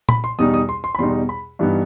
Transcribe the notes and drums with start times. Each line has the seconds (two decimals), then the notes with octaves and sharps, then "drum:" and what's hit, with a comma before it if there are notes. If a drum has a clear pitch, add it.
0.09 B5, drum: tom A#2
0.24 C6
0.39 E2 B2 G3 D#4 D#6
0.54 D#6
0.69 C6
0.84 C6
0.95 B5
0.99 E2 B2 G3 D#4 C6
1.29 B5
1.59 G2 E3 G3 B3 D#4